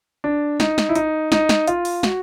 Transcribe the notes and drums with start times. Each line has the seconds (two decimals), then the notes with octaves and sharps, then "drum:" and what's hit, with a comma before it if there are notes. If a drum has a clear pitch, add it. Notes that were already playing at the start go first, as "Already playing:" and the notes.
0.24 D4
0.60 D#4, drum: snare
0.78 drum: snare
0.89 E4
0.95 D#4, drum: hi-hat
1.32 D#4, drum: snare
1.49 drum: snare
1.67 F4, drum: hi-hat
1.85 drum: open hi-hat
2.03 F#4, drum: snare